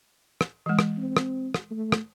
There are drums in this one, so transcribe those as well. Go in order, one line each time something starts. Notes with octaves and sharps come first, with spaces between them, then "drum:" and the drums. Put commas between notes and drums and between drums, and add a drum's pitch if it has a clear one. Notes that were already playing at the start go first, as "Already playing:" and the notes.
drum: rim click
E3 G#3
drum: rim click
C4
drum: rim click
drum: rim click
A3
drum: rim click